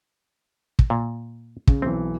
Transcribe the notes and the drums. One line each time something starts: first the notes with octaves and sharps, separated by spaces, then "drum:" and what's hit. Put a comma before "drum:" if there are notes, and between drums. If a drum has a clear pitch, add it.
drum: kick
A#2
C#3, drum: kick
B1 E3 C4